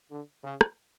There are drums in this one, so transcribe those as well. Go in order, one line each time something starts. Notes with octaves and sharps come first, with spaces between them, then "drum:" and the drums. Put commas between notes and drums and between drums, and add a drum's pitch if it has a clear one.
D3
C#3
drum: rim click